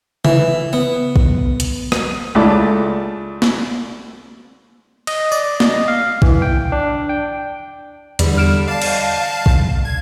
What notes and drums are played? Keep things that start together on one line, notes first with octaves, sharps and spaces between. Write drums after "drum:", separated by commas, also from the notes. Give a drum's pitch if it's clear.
E3, drum: tom C#3
B3
drum: kick A#1
drum: hi-hat
drum: rim click
C#2 A3 E4 D5 A5
drum: snare
D#5, drum: cymbal
D5, drum: tambourine
D#5, drum: snare
F5
E3, drum: kick A#1
G5
D4
G5
E2 D3 G3, drum: hi-hat
F6 D7 E7
D5 F5 A5
drum: cymbal
drum: kick A#1
G#6